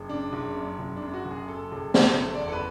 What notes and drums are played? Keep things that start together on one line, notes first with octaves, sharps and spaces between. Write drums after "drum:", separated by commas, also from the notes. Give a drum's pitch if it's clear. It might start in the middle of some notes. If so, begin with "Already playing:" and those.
Already playing: F#1
C#3 D4
F#1
F#2
F#1
D4
F#2
F#4
F#1
G#4
C#3 A4
F#1
F#2, drum: snare
F#1 A4
D5
E2
A4
B4